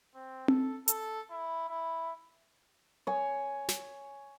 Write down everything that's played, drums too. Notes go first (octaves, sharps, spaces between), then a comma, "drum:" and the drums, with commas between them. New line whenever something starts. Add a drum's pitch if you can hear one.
C4
A4, drum: tom C4
A4, drum: hi-hat
E4
E4
C#5 G#5
drum: snare